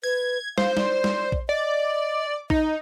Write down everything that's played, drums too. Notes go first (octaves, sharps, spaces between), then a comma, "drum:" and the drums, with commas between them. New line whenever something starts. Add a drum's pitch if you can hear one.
B4 G#6
C5 F5, drum: snare
D5, drum: snare
drum: snare
drum: kick A#1
D5 D#5
D#4 D#5, drum: kick A#1